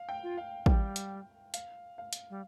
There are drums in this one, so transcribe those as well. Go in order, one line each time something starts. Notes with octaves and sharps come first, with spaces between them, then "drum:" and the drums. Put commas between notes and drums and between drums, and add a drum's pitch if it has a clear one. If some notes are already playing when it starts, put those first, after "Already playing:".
Already playing: F5
G5
F4
F5
G3 G5, drum: kick
drum: hi-hat
F5, drum: hi-hat
F5
drum: hi-hat
G3